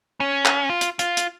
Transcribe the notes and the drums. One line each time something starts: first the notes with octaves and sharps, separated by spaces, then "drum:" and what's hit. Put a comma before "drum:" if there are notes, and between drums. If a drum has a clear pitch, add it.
C#4
drum: clap
F4
drum: hi-hat
F4, drum: hi-hat
drum: hi-hat